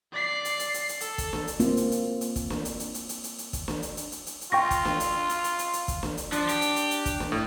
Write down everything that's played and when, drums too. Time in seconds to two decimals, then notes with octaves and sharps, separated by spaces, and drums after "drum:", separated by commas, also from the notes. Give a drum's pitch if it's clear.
0.12 D5 C7
0.45 drum: hi-hat
0.59 drum: hi-hat
0.74 drum: hi-hat
0.89 drum: hi-hat
1.01 A4, drum: hi-hat
1.18 drum: kick, hi-hat
1.33 drum: snare
1.48 drum: hi-hat
1.60 A#3 C4 F4, drum: hi-hat
1.77 drum: hi-hat
1.92 drum: hi-hat
2.21 drum: hi-hat
2.36 drum: kick, hi-hat
2.50 drum: snare
2.65 drum: hi-hat
2.80 drum: hi-hat
2.94 drum: hi-hat
3.09 drum: hi-hat
3.24 drum: hi-hat
3.38 drum: hi-hat
3.53 drum: kick, hi-hat
3.68 drum: snare
3.82 drum: hi-hat
3.97 drum: hi-hat
4.12 drum: hi-hat
4.27 drum: hi-hat
4.41 drum: hi-hat
4.52 F4 G5 C#6 A#6
4.71 drum: kick, hi-hat
4.85 drum: snare
5.00 drum: hi-hat
5.29 drum: hi-hat
5.44 drum: hi-hat
5.59 drum: hi-hat
5.73 drum: hi-hat
5.88 drum: kick, hi-hat
6.03 drum: snare
6.17 drum: hi-hat
6.32 F3 D4, drum: hi-hat
6.49 G4, drum: hi-hat
6.61 drum: hi-hat
6.76 drum: hi-hat
6.91 drum: hi-hat
7.06 drum: kick, hi-hat
7.20 drum: snare
7.32 A2